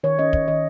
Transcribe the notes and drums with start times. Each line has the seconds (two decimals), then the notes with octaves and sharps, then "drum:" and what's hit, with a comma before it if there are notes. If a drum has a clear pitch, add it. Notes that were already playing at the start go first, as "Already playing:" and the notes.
0.04 D#3 C#5
0.19 C#4 D#5
0.33 C#4 D#5, drum: kick
0.48 D#3 D#5